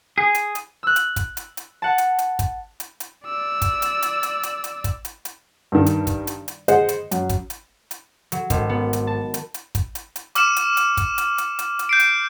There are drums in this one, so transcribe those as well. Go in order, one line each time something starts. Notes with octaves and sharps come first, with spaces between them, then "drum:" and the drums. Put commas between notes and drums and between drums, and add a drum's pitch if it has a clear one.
G#4
drum: hi-hat
drum: hi-hat
E6 F#6
drum: hi-hat
drum: kick, hi-hat
drum: hi-hat
drum: hi-hat
F#5 A5
drum: hi-hat
drum: hi-hat
drum: kick, hi-hat
drum: hi-hat
drum: hi-hat
D5 E6
drum: kick, hi-hat
drum: hi-hat
drum: hi-hat
drum: hi-hat
drum: hi-hat
drum: hi-hat
drum: kick, hi-hat
drum: hi-hat
drum: hi-hat
G2 D#3
drum: hi-hat
drum: kick, hi-hat
drum: hi-hat
drum: hi-hat
G#4 C5 D#5 F#5, drum: hi-hat
drum: hi-hat
F#2, drum: hi-hat
drum: kick, hi-hat
drum: hi-hat
drum: hi-hat
F#3, drum: hi-hat
G#1, drum: kick, hi-hat
B3
drum: hi-hat
A5
drum: hi-hat
drum: hi-hat
drum: kick, hi-hat
drum: hi-hat
drum: hi-hat
D6 F6 C#7 E7, drum: hi-hat
drum: hi-hat
drum: hi-hat
drum: kick, hi-hat
drum: hi-hat
drum: hi-hat
drum: hi-hat
drum: hi-hat
G6 C7 D7
drum: hi-hat